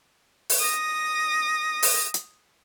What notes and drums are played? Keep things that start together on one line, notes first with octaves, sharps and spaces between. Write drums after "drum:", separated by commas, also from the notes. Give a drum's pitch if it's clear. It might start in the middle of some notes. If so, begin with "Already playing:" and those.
drum: open hi-hat
D#6 A#6
drum: open hi-hat
drum: hi-hat